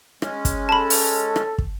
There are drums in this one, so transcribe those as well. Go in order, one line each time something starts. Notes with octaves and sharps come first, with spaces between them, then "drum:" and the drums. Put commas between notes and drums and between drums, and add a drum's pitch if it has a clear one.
G#3 C#4, drum: rim click
drum: kick, hi-hat
A4 A5 B5
drum: open hi-hat
drum: rim click
drum: kick